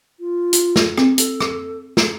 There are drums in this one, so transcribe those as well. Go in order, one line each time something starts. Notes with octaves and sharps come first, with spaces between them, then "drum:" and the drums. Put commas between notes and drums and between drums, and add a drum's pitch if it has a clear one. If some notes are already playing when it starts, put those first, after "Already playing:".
F4
drum: hi-hat
drum: snare
C4, drum: rim click
A4, drum: hi-hat
drum: rim click
drum: snare